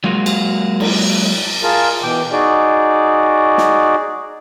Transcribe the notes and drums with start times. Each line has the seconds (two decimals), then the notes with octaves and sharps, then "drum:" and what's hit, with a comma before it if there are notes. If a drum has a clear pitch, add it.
0.04 F#3 G#3 A#3 F4 F#4
0.26 drum: cymbal
0.80 drum: cymbal
1.63 F4 G#4 A#4 A5
2.03 B2 E3 G5 D6
2.32 D#4 F#4 G#4 D5
3.58 drum: snare